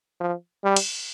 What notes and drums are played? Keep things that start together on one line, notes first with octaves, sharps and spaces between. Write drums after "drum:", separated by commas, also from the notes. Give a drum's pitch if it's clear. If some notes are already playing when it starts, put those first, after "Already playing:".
F3
G3
drum: cymbal